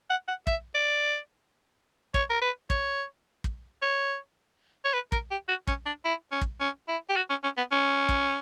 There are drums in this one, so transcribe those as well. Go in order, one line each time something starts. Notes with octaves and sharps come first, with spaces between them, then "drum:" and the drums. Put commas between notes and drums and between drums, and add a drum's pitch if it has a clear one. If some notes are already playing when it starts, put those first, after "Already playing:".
F#5
F#5
E5, drum: kick
D5
C#5, drum: kick
A#4
B4
C#5, drum: kick
drum: kick
C#5
C#5
B4
A#4, drum: kick
G4
F#4
C#4, drum: kick
D4
E4
C#4
drum: kick
C#4
E4
G4
F#4
C#4
C#4
B3
C#4
drum: kick